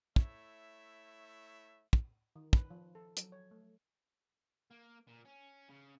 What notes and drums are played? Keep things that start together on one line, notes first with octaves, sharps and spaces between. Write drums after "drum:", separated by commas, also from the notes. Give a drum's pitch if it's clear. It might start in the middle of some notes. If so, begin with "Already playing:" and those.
A3 E4 C#5 E5, drum: kick
drum: kick
D#3
B4, drum: kick
F3
A4
F#3, drum: hi-hat
C#5
A3
A#3
A#2
C#4
C#3